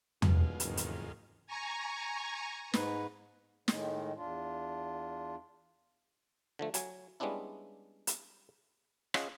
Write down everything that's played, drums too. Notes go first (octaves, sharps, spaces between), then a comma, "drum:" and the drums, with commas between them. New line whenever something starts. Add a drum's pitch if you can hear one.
D#1 E2 B2 G#3 F4, drum: tom E2
F#1 F2 G#2 D#3, drum: hi-hat
drum: hi-hat
G#5 A#5 C#6
G#2 B4, drum: snare
A2 D#3 G#3, drum: snare
E2 D4 F4
D3 F3 A3
F#3 G#5, drum: hi-hat
G3 G#3 B3 C#4 D4 E4
drum: hi-hat
C#4 F4 G#4 D#5 F#5, drum: rim click